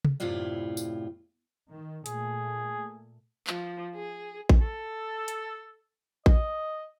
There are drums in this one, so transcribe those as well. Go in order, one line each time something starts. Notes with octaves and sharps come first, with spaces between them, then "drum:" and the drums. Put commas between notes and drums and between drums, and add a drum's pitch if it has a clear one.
drum: tom C3
F#2 A2 C3 E4 F4 D5
drum: tambourine
D#3
A#2 A3 G#4, drum: hi-hat
F3, drum: clap
G#4
drum: kick A1
A4
drum: hi-hat
D#5, drum: kick A1